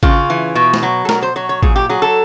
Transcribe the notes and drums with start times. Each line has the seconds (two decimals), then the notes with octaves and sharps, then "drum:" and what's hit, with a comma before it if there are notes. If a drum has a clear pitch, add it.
0.03 C#3 F4, drum: kick
0.30 E3
0.55 B2
0.74 drum: snare
0.83 F#3
1.05 A4
1.09 B2 A#4, drum: snare
1.22 C5
1.36 F#3 C#5
1.49 C#5
1.63 A#2 G#4, drum: kick
1.76 G4
1.90 F#3 G#4
2.02 A4